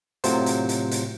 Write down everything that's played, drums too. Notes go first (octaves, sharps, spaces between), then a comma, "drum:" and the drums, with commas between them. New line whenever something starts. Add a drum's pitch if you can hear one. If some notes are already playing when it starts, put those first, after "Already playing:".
A2 C3 F#3 F4 C5, drum: hi-hat
drum: hi-hat
drum: hi-hat
drum: hi-hat